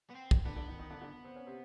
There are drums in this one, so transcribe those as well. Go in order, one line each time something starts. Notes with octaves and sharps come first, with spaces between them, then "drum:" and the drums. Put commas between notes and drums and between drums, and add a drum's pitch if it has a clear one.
B3
C4
drum: kick
D3 B3 D4
D3 D4
D#3 D#4
D#3 D#4
D3 D4
D3 D4
C4
C#4
C3 C4